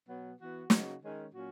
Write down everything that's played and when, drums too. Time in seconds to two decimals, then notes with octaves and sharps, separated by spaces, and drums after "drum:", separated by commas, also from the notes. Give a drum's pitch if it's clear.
0.08 B2 F#3 B3
0.40 E3 B3 F#4
0.70 C#3 F#3 A#3 D#4 F#4, drum: snare
1.02 D#3 G#3 C#4
1.33 A#2 F#3 C#4 F#4